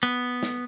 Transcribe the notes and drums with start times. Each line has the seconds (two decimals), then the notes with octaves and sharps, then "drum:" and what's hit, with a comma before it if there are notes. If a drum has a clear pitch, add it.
0.03 B3
0.43 drum: snare